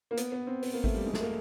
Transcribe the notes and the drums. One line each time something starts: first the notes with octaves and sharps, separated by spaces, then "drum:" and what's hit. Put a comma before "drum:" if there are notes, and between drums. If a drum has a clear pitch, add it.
A#3
B3, drum: hi-hat
B3
C4
B3, drum: open hi-hat
A#3
A3, drum: kick G#1
G3
G#3
A3, drum: snare
A#3